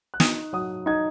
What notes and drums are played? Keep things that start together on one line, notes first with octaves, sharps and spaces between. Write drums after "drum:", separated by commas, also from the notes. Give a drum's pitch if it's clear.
F#6
D#4 D#6, drum: snare
F#3 D#6
D#4 G#6